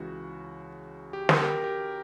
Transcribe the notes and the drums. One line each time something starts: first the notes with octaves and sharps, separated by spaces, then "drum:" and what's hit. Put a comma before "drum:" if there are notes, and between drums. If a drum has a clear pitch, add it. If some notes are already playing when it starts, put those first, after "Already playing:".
Already playing: C#2 C#3 E3 F#4
G4
A#4, drum: snare
G4
G4